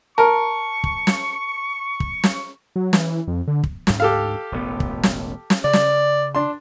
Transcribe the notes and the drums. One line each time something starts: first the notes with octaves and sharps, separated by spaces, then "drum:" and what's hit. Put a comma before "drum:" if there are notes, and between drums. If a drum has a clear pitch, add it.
A#4 A5 C#6
drum: kick
drum: snare
drum: kick
drum: snare
F#3
E3, drum: snare
F2
D3
drum: kick
D2 G#2, drum: snare
G4 A4 F5
E1 A1 B3
drum: kick
drum: snare
drum: snare
C#3 D5
drum: snare
D4 C6